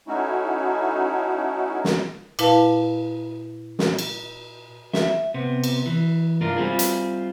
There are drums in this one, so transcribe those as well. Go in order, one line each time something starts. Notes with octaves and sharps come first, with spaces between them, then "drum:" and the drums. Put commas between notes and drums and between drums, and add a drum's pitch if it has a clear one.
A3 C#4 D#4 E4 F#4
drum: snare
A#2 E4 B4 F5 A5, drum: cymbal
drum: snare
drum: cymbal
E5, drum: snare
C3 B3
drum: cymbal
E3
C2 G2 D4 F4 A#4
G3 C4 F4 G#4
drum: hi-hat